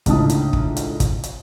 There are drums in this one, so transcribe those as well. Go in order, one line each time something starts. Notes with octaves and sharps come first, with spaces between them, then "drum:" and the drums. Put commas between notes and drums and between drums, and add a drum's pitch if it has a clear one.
C#2 A2 D3 D#4 A5 D#6, drum: kick, hi-hat
drum: hi-hat
drum: kick
drum: hi-hat
drum: kick, hi-hat
drum: hi-hat